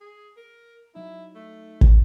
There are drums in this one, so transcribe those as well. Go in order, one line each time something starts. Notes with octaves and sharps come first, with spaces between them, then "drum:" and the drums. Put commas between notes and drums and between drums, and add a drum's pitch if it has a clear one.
G#4
A#4
F#3 D#4 E4
A3
drum: kick